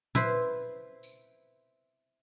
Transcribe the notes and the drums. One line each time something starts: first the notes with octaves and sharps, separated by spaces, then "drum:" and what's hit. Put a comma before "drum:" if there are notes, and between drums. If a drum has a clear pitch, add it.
E4 B4 C5, drum: tom A#2
drum: tambourine